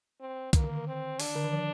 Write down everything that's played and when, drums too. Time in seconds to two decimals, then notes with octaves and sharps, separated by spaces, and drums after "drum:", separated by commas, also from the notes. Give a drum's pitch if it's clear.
0.20 C4
0.53 D#3 A#3, drum: kick, hi-hat
0.64 D3
0.75 D#3
0.87 C4
1.20 D4, drum: open hi-hat
1.36 D3
1.44 D#3
1.52 F3